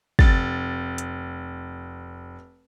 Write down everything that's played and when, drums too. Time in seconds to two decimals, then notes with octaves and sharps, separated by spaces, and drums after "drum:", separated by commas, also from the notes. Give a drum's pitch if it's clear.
0.19 F1 A6, drum: kick
0.98 drum: hi-hat